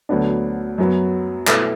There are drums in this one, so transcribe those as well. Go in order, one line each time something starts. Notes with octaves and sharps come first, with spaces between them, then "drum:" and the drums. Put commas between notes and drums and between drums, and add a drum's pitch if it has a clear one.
D2 D3 F#3 B3 D4
F#2 F#3 B3
B2 A3 E4 B4, drum: clap